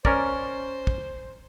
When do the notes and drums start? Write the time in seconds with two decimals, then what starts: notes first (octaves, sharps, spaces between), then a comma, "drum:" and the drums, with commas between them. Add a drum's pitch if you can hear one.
0.05 C#4 A#4 C5 D5, drum: kick
0.87 drum: kick